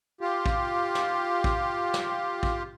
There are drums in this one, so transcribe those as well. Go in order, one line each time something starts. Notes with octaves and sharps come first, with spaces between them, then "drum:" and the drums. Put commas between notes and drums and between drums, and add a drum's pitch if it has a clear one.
F4 G4
drum: kick
drum: snare
drum: kick
drum: snare
drum: kick